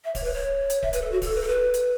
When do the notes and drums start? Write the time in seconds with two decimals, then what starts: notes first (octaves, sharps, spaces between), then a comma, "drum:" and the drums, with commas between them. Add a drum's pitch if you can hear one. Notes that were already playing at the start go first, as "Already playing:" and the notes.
0.04 E5
0.15 C#5, drum: kick D1, open hi-hat
0.24 B4
0.34 C#5
0.70 drum: hi-hat
0.83 E5, drum: kick D1
0.93 B4, drum: hi-hat
1.02 A4
1.12 F#4
1.22 A4, drum: kick D1, open hi-hat
1.35 B4
1.42 A4
1.48 B4
1.74 drum: hi-hat